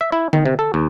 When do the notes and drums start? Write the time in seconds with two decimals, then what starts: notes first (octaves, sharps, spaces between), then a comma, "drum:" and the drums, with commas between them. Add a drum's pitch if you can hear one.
0.01 E5
0.12 E4
0.33 D#3, drum: tom D3
0.46 C3
0.59 A4
0.74 D#2